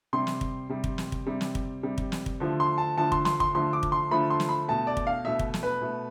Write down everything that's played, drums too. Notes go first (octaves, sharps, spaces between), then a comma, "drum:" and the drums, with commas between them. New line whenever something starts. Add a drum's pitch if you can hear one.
C3 G3 C6
drum: snare
drum: kick
C3 G3
drum: kick
drum: snare
drum: kick
C3 G3
drum: snare
drum: kick
C3 G3
drum: kick
drum: snare
drum: kick
D3 F3 A3
C6
A5
D3 F3 A3 A5
C6, drum: kick
C6, drum: snare
C6, drum: kick
D3 F3 A3 C6
D6
drum: kick
C6
D3 F3 A3 B5
C6
drum: snare
B5
B2 A3 A5
D5
drum: kick
F5
B2 A3 E5
drum: kick
drum: snare
B4
B2 A3